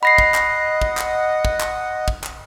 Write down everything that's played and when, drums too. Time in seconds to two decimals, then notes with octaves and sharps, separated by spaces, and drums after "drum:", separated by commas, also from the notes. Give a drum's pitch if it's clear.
0.03 D#5 F#5 B5 A#6 C7
0.18 drum: kick
0.34 drum: clap
0.82 drum: kick
0.97 drum: clap
1.45 drum: kick
1.60 drum: clap
2.08 drum: kick
2.23 drum: clap